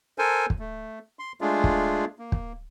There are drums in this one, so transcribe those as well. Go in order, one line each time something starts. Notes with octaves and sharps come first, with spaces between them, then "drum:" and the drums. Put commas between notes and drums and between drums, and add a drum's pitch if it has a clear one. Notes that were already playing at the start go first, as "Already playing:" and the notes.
A4 A#4 C5 G#5
drum: kick
A3
C6
G#3 A3 D4 F4 G#4
drum: kick
A#3
drum: kick